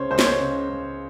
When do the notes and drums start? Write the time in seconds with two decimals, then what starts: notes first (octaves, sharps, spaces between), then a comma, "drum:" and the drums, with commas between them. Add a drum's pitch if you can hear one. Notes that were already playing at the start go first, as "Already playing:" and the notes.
Already playing: C#2 C#3 C5 C#5
0.11 C#2 C5
0.19 C#5, drum: snare
0.27 C5
0.40 C#3
0.69 C#2